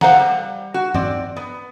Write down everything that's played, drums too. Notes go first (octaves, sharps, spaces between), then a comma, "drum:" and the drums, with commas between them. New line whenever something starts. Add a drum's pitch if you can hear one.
A2 C5 F5 F#5 A#5, drum: snare
G3
F#4
C4 D5, drum: tom
B3